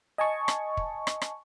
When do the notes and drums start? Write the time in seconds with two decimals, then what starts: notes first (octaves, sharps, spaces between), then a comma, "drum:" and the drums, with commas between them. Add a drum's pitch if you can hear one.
0.18 D#5 G#5 A5 C#6
0.48 drum: rim click
0.77 drum: kick
1.07 drum: rim click
1.22 drum: rim click